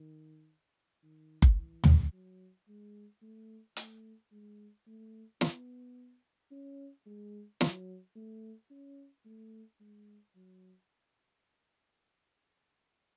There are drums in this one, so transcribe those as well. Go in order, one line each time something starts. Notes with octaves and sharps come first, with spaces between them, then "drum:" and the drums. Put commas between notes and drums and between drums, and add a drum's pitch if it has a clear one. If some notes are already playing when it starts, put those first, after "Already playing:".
Already playing: D#3
D#3
drum: kick F#1
E3
drum: tom
F#3
G#3
A3
A3, drum: hi-hat
G#3
A3
B3, drum: snare
C#4
G#3
F#3, drum: snare
A3
C#4
A3
G#3
F#3